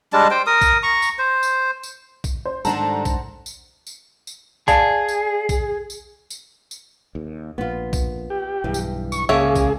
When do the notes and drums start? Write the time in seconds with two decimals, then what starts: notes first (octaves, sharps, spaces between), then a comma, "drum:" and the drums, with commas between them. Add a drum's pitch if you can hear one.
0.13 G3 G#3 D4 A5
0.31 C5 G5
0.46 A#4 D#6
0.62 drum: kick A#1, tambourine
0.83 A#5 C#6
1.02 drum: tambourine
1.19 C5
1.43 drum: tambourine
1.83 drum: tambourine
2.24 drum: kick A#1, tambourine
2.45 C5
2.65 G#2 D#3 G3 D4 A4 F#5 A5 A#5, drum: tambourine
3.05 drum: kick A#1, tambourine
3.46 drum: tambourine
3.87 drum: tambourine
4.27 drum: tambourine
4.68 G#4 D5 F5 A5, drum: kick A#1, tambourine
5.09 drum: tambourine
5.49 drum: kick A#1, tambourine
5.90 drum: tambourine
6.30 drum: tambourine
6.71 drum: tambourine
7.15 D#2
7.58 A#1 B3 F4
7.93 drum: kick A#1, tambourine
8.30 G4
8.64 B1 G2 E3
8.74 drum: tambourine
9.12 C#6, drum: tambourine
9.29 C#2 C#3 A#3 C#4 G#4 C#5 E5 A5
9.55 drum: kick A#1, tambourine